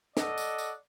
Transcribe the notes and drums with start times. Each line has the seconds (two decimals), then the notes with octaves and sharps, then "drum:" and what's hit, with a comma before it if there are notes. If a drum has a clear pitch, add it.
0.17 A4 D5 D#5 F#5, drum: snare
0.38 drum: tambourine
0.58 drum: tambourine